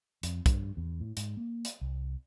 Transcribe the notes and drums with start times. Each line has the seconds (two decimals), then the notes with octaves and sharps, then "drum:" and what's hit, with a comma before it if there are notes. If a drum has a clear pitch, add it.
0.23 F2, drum: hi-hat
0.46 G2, drum: kick, hi-hat
0.77 E2
1.00 A2
1.17 G#2, drum: hi-hat
1.37 A#3
1.65 drum: hi-hat
1.81 C2